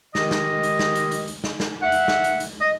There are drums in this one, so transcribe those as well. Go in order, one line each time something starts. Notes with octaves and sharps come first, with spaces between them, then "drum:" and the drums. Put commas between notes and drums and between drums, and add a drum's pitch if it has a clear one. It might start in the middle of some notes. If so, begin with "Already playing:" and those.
D#3 G#3 G4 D#5, drum: snare
drum: snare
drum: hi-hat
drum: snare
drum: hi-hat
drum: hi-hat
drum: hi-hat
drum: snare
drum: snare
E5 F#5
drum: hi-hat
drum: snare
drum: hi-hat
drum: hi-hat
D#5